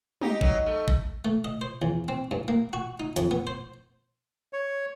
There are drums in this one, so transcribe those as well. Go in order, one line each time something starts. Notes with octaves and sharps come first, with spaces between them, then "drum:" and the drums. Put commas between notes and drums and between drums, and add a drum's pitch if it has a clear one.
D#4 G4, drum: tom
F#3 D#4, drum: kick
A3
drum: kick
A3
D#5
C5
E2
C4
G2
A#3
F#4
D#4
F2, drum: hi-hat
B3
C5
C#5